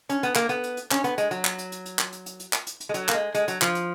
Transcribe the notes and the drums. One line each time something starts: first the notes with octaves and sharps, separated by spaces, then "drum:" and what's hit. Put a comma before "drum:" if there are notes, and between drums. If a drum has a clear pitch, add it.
C#4, drum: hi-hat
B3, drum: hi-hat
A#3, drum: clap
B3, drum: hi-hat
drum: hi-hat
drum: hi-hat
C#4, drum: clap
B3, drum: hi-hat
G#3, drum: hi-hat
F#3, drum: hi-hat
drum: clap
drum: hi-hat
drum: hi-hat
drum: hi-hat
drum: clap
drum: hi-hat
drum: hi-hat
drum: hi-hat
drum: clap
drum: hi-hat
drum: hi-hat
G#3
F#3, drum: hi-hat
A#3, drum: clap
G#3
G#3, drum: hi-hat
F#3, drum: hi-hat
F3, drum: clap
drum: hi-hat